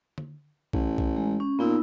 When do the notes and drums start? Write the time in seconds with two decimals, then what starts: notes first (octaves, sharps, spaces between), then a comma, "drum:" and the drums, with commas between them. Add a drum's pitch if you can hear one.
0.18 drum: tom D3
0.73 A1, drum: kick B1
0.98 drum: kick B1
1.16 G#3
1.40 C#4
1.59 A#2 B3 D#4 E6